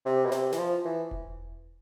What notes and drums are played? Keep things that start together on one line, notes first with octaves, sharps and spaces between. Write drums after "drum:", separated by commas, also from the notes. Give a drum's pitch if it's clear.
C3
B2
C3, drum: snare
E3, drum: snare
F3
E3
drum: kick E1